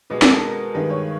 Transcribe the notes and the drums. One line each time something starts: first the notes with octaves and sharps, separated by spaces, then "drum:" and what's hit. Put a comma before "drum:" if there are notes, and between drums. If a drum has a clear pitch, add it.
B2 G#3 B4
A#4, drum: snare
A4
A#4
G2 D#3 G#3 B4
C#5